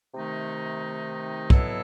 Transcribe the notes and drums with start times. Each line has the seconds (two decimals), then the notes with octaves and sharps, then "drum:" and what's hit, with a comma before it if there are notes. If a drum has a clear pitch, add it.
0.15 C3 D#3 A3 D#4
1.50 B2 F#3 B3 E4 A4, drum: kick